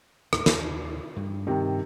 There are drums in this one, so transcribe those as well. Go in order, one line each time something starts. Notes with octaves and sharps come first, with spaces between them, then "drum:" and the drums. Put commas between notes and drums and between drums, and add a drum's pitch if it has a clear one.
D2 G#2, drum: rim click
D#2, drum: snare
G2
G2 C3 D#3 C4